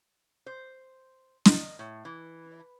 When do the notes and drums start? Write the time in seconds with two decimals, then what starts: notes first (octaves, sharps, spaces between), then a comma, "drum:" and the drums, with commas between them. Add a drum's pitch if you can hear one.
0.46 C5
1.46 D#5, drum: snare
1.79 A2
2.05 E3